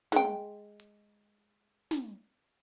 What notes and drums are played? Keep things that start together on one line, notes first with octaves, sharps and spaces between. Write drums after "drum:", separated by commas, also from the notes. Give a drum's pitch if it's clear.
G#3 G5, drum: snare
drum: hi-hat
drum: snare